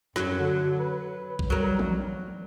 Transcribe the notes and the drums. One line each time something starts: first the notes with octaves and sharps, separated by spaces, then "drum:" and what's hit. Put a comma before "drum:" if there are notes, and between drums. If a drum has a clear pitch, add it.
F#2 F#3, drum: snare
D3
B4
drum: kick A#1
F#3 G3 A#4
drum: tom